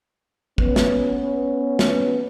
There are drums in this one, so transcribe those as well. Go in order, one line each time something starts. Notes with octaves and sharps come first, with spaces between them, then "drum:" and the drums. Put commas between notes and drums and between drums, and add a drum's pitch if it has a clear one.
B3 C#4, drum: kick
drum: snare
drum: snare